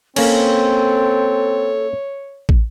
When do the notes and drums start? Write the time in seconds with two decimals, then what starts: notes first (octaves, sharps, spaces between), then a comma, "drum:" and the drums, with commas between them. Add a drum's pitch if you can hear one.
0.16 A#3 C4 C#4 A4 C#5, drum: cymbal
2.49 drum: kick